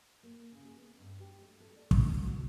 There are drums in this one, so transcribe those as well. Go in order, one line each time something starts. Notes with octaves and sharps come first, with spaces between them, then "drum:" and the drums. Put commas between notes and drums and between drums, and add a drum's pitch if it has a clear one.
A#3
C#3
G#4
B3
G2
G4
A3
A4
D5
F#2, drum: kick
F#5
F#4